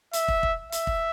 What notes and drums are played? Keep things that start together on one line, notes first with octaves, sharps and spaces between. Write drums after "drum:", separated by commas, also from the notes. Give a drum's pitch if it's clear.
E5, drum: hi-hat
drum: kick
drum: kick
E5, drum: hi-hat
drum: kick